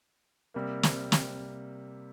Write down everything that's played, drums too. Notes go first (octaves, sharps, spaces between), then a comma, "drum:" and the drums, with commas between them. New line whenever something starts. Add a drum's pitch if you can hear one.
C3 G3 A#3
drum: snare
drum: snare